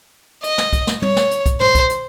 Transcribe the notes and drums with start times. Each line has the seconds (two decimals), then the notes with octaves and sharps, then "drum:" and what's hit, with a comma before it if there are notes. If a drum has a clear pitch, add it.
0.44 D#5, drum: hi-hat
0.58 drum: snare
0.73 drum: kick, hi-hat
0.87 drum: snare
1.02 C#5, drum: tom
1.16 drum: snare
1.31 drum: hi-hat
1.46 drum: kick, hi-hat
1.61 C5, drum: tom
1.75 drum: kick, hi-hat
1.89 drum: hi-hat